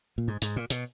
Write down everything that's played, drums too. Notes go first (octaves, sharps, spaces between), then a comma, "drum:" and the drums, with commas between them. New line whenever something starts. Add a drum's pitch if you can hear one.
A#2
G#2
G#2, drum: hi-hat
A#2
B2, drum: hi-hat